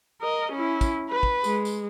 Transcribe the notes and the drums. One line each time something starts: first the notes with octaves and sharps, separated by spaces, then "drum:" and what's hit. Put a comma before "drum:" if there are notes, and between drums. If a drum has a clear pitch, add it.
A#4 D#5
C#4 E4
drum: kick, tambourine
B4
drum: kick
G#3, drum: tambourine
drum: tambourine